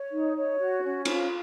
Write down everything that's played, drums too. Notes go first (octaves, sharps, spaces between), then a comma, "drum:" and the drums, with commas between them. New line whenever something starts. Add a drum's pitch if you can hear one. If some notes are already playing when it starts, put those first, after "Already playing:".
Already playing: C#5
D#4
C#5
F#4
C#4
F4, drum: cymbal